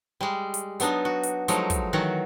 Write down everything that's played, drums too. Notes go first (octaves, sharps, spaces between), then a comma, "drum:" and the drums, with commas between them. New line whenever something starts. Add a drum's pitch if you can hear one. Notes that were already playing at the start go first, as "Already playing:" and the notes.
G3 G#3
drum: hi-hat
F#3 B3 D4 D#4, drum: hi-hat
F#4
drum: hi-hat
F3 F#3 G#3 A3 D#4, drum: hi-hat
drum: kick, hi-hat
D#3 E3 F#3 F#4 F#5